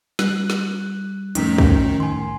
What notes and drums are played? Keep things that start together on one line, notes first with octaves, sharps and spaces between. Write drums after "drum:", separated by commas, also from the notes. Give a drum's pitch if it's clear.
G3 F#6, drum: snare
drum: snare
F2 A2 D#3 C#4 A#4 B6, drum: hi-hat
drum: kick
G#5 C6